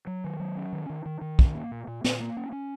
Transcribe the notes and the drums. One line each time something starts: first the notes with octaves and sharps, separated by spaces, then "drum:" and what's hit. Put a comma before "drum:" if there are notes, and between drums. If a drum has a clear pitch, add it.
F#3
D#3
F#3
C#4
D#3
D#3
D#3
D#3
C#4, drum: kick
A#3
A#2
A#2
A#2, drum: snare
A#3
C#4
C#4